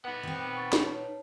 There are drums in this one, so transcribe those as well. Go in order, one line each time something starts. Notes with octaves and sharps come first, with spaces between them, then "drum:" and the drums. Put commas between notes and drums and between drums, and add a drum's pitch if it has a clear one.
B3 D#4 F#5
D#3 C4
C#6 A6
drum: snare
B4 C#5 A5